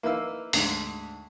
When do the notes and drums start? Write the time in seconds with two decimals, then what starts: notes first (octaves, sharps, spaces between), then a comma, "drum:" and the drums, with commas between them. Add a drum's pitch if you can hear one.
0.03 A#3 D#4 E4 B4 F5 E6
0.53 D2 G#2, drum: open hi-hat